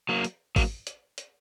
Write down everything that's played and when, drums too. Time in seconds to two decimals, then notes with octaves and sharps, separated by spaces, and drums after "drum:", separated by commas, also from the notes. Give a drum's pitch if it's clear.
0.09 F#3 A#3
0.25 drum: hi-hat
0.56 F#3 A#3, drum: kick G#1, open hi-hat
0.87 drum: hi-hat
1.18 drum: hi-hat